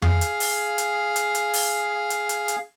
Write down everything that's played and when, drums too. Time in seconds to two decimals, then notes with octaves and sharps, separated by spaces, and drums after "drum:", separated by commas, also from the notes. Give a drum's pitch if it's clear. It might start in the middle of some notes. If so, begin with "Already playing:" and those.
0.02 G#4 F5, drum: tom F2
0.21 drum: hi-hat
0.40 drum: open hi-hat
0.78 drum: hi-hat
1.16 drum: hi-hat
1.35 drum: hi-hat
1.54 drum: open hi-hat
2.10 drum: hi-hat
2.29 drum: hi-hat
2.48 drum: hi-hat